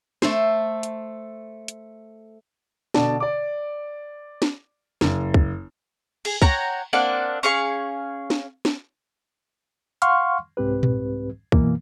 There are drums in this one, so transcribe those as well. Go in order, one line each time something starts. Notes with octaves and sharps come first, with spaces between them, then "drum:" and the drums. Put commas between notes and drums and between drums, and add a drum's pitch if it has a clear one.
A3 A4 C5, drum: snare
drum: hi-hat
drum: hi-hat
B2 D3 D5 A5, drum: snare
D5 D6
drum: snare
F#1, drum: snare
drum: kick
G#4, drum: cymbal
C#5 F#5 G5 A#5, drum: kick
A#3 C4 D4 F#5
C#4 G#4 F5 C#6
drum: snare
drum: snare
F5 F#5 C6 C#6 F6, drum: hi-hat
C2 G#2 C4 G4 B4
drum: tom A#2
F#2 B2 E3 A#3, drum: kick